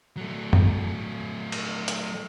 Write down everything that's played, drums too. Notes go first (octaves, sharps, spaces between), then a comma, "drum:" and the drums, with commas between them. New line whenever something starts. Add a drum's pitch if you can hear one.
F#3 A3
drum: tom
drum: cymbal
drum: hi-hat